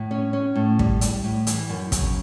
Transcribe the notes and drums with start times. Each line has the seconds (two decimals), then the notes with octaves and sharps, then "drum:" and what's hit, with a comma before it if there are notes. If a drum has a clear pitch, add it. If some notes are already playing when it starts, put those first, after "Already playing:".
Already playing: A2
0.11 C#4
0.33 C#4
0.56 A2
0.79 G3, drum: kick
1.01 G3, drum: hi-hat
1.24 A2
1.47 E3, drum: hi-hat
1.69 F#2
1.92 C#3, drum: kick, hi-hat